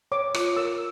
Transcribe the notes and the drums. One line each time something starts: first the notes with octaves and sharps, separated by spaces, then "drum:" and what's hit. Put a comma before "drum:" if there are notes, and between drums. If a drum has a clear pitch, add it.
C#5 D6
F4, drum: rim click
A#4 E6